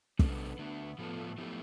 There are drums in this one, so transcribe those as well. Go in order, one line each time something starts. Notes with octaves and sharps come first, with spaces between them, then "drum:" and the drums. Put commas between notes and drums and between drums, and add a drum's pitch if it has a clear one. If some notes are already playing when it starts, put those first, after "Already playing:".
C3 G3 B3 D4 A4, drum: kick
D3 A3 D4
A2 F3 A3 B3 F4 A4
F3 B3 E4 G4